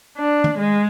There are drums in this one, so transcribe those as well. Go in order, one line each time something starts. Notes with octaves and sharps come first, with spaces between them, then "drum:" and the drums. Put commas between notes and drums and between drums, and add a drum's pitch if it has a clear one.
D4
drum: tom
G#3